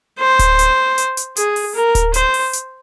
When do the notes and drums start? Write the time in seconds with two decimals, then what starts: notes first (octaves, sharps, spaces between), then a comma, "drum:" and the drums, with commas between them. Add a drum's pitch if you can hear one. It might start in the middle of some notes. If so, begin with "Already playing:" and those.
0.19 C5
0.39 drum: kick D1, hi-hat
0.59 drum: hi-hat
0.98 drum: hi-hat
1.17 drum: hi-hat
1.36 G#4, drum: hi-hat
1.56 drum: open hi-hat
1.75 A#4
1.95 drum: kick D1, hi-hat
2.14 C5, drum: hi-hat
2.34 drum: open hi-hat
2.53 drum: hi-hat